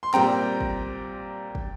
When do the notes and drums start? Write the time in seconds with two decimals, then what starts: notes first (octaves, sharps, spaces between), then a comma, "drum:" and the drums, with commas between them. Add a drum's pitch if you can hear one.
0.03 C6
0.13 A#2 G3 C4 G5 A#5, drum: clap
0.61 drum: kick
1.55 drum: kick